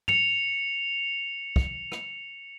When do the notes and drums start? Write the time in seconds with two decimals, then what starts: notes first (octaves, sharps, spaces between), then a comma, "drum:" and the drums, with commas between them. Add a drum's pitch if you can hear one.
0.08 C#7 F7, drum: tom
1.56 drum: kick
1.92 drum: rim click